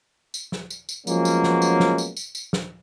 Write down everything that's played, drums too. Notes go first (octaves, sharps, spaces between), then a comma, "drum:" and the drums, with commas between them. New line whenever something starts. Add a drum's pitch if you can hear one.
drum: tambourine
drum: snare
drum: tambourine
drum: tambourine
F3 F#3 G#3 A#3 B3 C#4, drum: tambourine
drum: tambourine
drum: snare
drum: tambourine
drum: snare
drum: tambourine
drum: tambourine
drum: tambourine
drum: snare